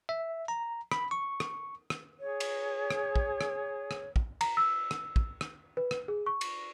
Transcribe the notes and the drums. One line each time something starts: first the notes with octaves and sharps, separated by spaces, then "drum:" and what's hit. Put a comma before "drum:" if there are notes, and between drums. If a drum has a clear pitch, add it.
E5
A#5
B5, drum: rim click
C#6
drum: rim click
drum: rim click
G#4 C#5
drum: cymbal
drum: rim click
drum: kick
drum: rim click
drum: rim click
drum: kick
A#5, drum: cymbal
E6
drum: rim click
drum: kick
drum: rim click
B4
drum: rim click
G#4
C#6
drum: cymbal